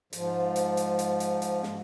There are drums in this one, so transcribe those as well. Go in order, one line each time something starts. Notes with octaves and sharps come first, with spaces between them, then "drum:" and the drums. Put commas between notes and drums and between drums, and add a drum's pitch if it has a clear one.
G#2 F3, drum: hi-hat
drum: hi-hat
drum: hi-hat
drum: hi-hat
drum: hi-hat
drum: hi-hat
drum: snare